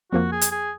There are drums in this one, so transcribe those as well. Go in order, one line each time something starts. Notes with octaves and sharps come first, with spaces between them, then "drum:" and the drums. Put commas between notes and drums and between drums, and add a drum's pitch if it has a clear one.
F2 F3 A#3 F#4
G#4
drum: hi-hat
G#4